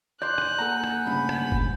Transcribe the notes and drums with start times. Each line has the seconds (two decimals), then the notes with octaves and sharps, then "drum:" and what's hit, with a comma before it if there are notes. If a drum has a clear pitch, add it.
0.22 D5 C6 F#6 G6
0.38 drum: rim click
0.59 A#3 A4 F#5 G#5 A#5
0.84 drum: rim click
1.06 D2 G2 C#3 B5
1.29 drum: rim click
1.52 drum: kick F1